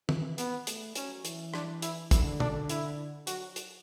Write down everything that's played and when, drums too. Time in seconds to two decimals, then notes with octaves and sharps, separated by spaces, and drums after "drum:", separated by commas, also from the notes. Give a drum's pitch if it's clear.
0.09 E3, drum: tom
0.38 B3, drum: hi-hat
0.67 A3, drum: hi-hat
0.95 F#3 C#4, drum: hi-hat
1.25 E3, drum: hi-hat
1.54 D4, drum: rim click
1.82 E4, drum: hi-hat
2.11 D3 E4, drum: kick, hi-hat
2.40 D4, drum: tom
2.69 E4, drum: hi-hat
3.27 F#3 F#4, drum: hi-hat
3.56 drum: hi-hat